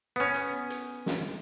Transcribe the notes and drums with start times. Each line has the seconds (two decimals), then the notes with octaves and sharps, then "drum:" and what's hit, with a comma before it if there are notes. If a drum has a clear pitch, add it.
0.16 B3 C#4
0.34 drum: hi-hat
0.70 drum: hi-hat
1.06 drum: snare